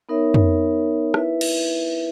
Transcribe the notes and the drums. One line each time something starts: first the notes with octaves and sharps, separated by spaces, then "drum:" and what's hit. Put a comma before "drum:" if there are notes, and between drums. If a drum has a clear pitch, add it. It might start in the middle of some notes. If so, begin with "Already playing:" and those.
B3 D#4 A#4 C#5 E5
drum: tom
E4 B4 E5, drum: rim click
drum: cymbal